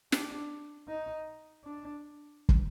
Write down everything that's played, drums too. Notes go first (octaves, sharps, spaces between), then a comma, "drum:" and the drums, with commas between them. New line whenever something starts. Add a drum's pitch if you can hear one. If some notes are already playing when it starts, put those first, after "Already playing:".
D4, drum: snare
D#4
D4
drum: kick